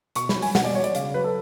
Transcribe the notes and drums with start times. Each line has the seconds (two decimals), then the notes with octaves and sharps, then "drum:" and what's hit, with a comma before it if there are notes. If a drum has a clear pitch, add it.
0.15 B2 C#6, drum: hi-hat
0.29 B5, drum: snare
0.35 F#3
0.42 G#5, drum: open hi-hat
0.55 B2 F#5, drum: snare
0.65 D5
0.75 F#3 C#5
0.84 D5, drum: hi-hat
0.95 C#3 F5, drum: hi-hat
1.14 F#3 B4
1.24 A4